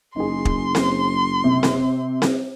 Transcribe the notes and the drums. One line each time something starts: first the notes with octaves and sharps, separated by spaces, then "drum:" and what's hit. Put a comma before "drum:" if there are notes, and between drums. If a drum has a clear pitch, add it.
F#1 D#4 G#4 C6
drum: kick
drum: snare C4
C3
drum: snare C4
drum: snare C4